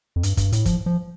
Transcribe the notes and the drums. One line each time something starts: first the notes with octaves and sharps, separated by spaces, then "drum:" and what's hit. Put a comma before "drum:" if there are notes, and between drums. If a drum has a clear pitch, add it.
F2
G2, drum: hi-hat
G2, drum: kick F#1, hi-hat
A2, drum: hi-hat
F3, drum: kick F#1, hi-hat
F3